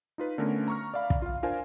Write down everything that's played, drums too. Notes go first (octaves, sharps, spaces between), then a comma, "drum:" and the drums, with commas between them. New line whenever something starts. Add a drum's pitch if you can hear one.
D#4 F4 B4
D3 A3 B3 C#4 A#4
A#5 C#6 F6
D5 E5 F5 B5
drum: kick
F4 F5
D4 F4 A#4 C5 F5 G#5